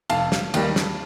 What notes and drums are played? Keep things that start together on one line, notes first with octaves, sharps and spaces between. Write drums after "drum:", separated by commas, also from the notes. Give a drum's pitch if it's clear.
F1 F5 A5, drum: cymbal
drum: snare
D#2 D#3 G3 A#3, drum: cymbal
drum: snare